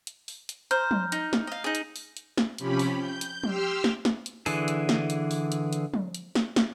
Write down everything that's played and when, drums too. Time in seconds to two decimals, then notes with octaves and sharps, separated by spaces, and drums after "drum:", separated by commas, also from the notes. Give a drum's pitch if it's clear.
0.07 drum: hi-hat
0.28 drum: open hi-hat
0.49 drum: hi-hat
0.71 C5 A#5 F6 G6, drum: hi-hat
0.91 drum: tom
1.12 D#4, drum: hi-hat
1.33 drum: snare
1.47 D#5 F5
1.64 D#4 G#4
1.75 drum: hi-hat
1.96 drum: open hi-hat
2.17 drum: hi-hat
2.38 drum: snare
2.58 C3 F3 C#4 G4 B5, drum: hi-hat
2.79 drum: open hi-hat
2.97 G6
3.21 drum: hi-hat
3.44 G4 C6 E6 F6, drum: tom
3.84 drum: snare
4.05 drum: snare
4.26 drum: hi-hat
4.46 D3 E3 G#4, drum: open hi-hat
4.68 drum: hi-hat
4.89 drum: snare
5.10 drum: hi-hat
5.31 drum: open hi-hat
5.52 drum: hi-hat
5.73 drum: hi-hat
5.94 drum: tom
6.14 drum: hi-hat
6.35 drum: snare
6.56 drum: snare